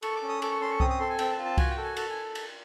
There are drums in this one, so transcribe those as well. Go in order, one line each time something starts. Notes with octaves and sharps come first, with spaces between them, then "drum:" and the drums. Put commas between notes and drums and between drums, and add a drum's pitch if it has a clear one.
A4 C#6, drum: cymbal
D6
C#4
D#6
A4 D6, drum: cymbal
C#6
C#4 C6
C#6
C4 D#6, drum: kick C2
D#6
A4 C6
G#5
C4 G5, drum: cymbal
A5
F4
A5
F#4 G#5, drum: kick C2, cymbal
G5
A4
G#5
A4 A5, drum: cymbal
G#5
drum: cymbal